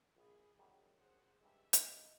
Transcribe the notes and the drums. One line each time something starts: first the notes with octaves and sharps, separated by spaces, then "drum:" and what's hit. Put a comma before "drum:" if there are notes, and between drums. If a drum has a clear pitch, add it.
A#1 G#4 B5
F#2 D#3 G3
G#4 C5 F#5
G2 G3 G#3 G4 E5
C#2 G2 F4 D#5, drum: hi-hat